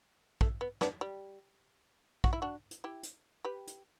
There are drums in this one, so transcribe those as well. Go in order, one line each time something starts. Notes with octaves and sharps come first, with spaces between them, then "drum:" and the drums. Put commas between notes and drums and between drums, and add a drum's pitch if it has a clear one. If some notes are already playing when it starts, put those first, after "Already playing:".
A3, drum: kick
B3
B3 D4, drum: snare
G3
F#4, drum: kick
E4
D4 F#4
drum: hi-hat
E4 G4
drum: hi-hat
G4 B4
drum: hi-hat